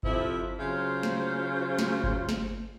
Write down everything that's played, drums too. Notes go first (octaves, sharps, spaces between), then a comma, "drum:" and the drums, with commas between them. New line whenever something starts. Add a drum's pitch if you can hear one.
F2 C3 F3 E4 E5, drum: kick G1
C#3 F#3 F4 C5
drum: snare
drum: snare
drum: kick G1
drum: snare